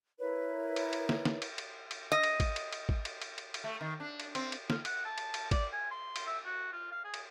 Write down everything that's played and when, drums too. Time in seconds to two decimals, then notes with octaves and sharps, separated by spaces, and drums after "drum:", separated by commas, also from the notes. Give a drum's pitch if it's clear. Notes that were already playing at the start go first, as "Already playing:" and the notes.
0.19 E4 A#4 B4 C#5
0.76 drum: cymbal
0.93 drum: cymbal
1.09 drum: snare
1.25 drum: snare
1.42 drum: cymbal
1.58 drum: cymbal
1.91 drum: cymbal
2.12 D#5
2.23 drum: cymbal
2.40 drum: kick G#1, cymbal
2.56 drum: cymbal
2.72 drum: cymbal
2.89 drum: kick G#1
3.05 drum: cymbal
3.22 drum: cymbal
3.38 drum: cymbal
3.54 drum: cymbal
3.64 A3
3.81 D#3
4.00 D4
4.20 drum: cymbal
4.35 C4, drum: cymbal
4.52 drum: cymbal
4.70 F4, drum: snare
4.85 F#5, drum: cymbal
5.05 A5
5.18 drum: cymbal
5.34 drum: cymbal
5.51 D5, drum: kick G#1, cymbal
5.73 G#5
5.91 C6
6.16 drum: cymbal
6.26 E5
6.45 F#4
6.72 F4
6.92 F5
7.05 G#4
7.14 drum: cymbal